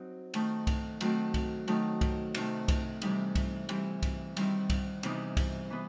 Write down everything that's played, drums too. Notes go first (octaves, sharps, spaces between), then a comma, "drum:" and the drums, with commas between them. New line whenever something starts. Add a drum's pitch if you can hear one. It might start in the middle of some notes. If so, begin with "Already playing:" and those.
Already playing: F#3 C4 D#4
D#3 A3 D#4, drum: cymbal
drum: kick C2, cymbal
D#3 F#3 A3 C4, drum: cymbal
drum: kick C2, cymbal
D#3 F#3 A3 C4 D#4, drum: cymbal
drum: kick C2, cymbal
C3 D#3 A3, drum: cymbal
drum: kick C2, cymbal
C3 E3 G3 D#4, drum: cymbal
drum: kick C2, cymbal
E3 G3 C4, drum: cymbal
drum: kick C2, cymbal
D#3 G3 C4 E4, drum: cymbal
drum: kick C2, cymbal
C3 E3 B3 D#4, drum: cymbal
drum: kick C2, cymbal
E3 B3